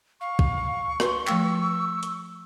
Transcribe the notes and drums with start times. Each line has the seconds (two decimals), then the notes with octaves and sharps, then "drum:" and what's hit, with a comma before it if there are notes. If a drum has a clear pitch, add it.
0.21 F5 C#6
0.39 drum: kick
1.00 F#4 B4 C6, drum: rim click
1.27 F3 A3 G5 E6, drum: clap
2.03 drum: hi-hat